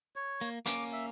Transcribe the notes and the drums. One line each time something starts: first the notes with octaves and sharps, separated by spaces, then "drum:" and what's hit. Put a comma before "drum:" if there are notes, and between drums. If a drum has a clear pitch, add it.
C#5
A#3
A#3 C#4 D6, drum: hi-hat
E5